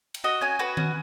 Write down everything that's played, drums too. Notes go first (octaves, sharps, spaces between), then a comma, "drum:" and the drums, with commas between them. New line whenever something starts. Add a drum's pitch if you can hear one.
drum: cymbal
F#4 D#5
C#4 G#5
F#4 B4
C#4, drum: tom D#3